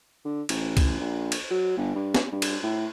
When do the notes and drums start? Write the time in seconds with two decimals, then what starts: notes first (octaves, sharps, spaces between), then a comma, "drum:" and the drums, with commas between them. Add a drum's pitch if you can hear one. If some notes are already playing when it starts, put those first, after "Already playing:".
0.25 D3
0.49 A1, drum: cymbal
0.77 drum: kick, cymbal
1.00 A#1
1.32 drum: cymbal
1.50 F#3
1.77 G1
1.95 G2
2.15 drum: snare
2.32 G2
2.42 drum: cymbal
2.63 A2